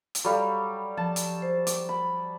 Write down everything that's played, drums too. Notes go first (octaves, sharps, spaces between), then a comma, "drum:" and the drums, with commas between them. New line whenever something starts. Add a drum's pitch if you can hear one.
drum: hi-hat
F#3 G3 A4 F5
F3 A5
drum: hi-hat
C5
D6, drum: hi-hat
B5